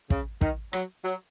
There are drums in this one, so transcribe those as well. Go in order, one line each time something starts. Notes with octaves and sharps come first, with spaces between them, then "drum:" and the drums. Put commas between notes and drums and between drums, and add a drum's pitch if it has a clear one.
C#3, drum: kick
D#3, drum: kick
F#3, drum: rim click
F#3